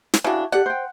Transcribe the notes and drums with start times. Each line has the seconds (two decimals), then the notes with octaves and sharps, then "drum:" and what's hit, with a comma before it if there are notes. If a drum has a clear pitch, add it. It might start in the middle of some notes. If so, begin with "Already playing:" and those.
0.14 drum: snare
0.24 C#3 D4 E4 F#4
0.52 G4 A4 D5 F#5
0.66 C5 G5